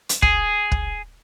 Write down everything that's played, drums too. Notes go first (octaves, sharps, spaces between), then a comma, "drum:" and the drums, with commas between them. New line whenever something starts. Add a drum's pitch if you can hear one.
drum: hi-hat
G#4, drum: kick
drum: kick